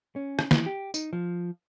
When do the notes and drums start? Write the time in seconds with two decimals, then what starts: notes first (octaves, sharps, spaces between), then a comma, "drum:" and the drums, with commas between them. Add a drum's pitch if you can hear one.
0.16 C#4
0.39 drum: rim click
0.51 E3, drum: snare
0.66 G4
0.94 D#4, drum: tambourine
1.13 F3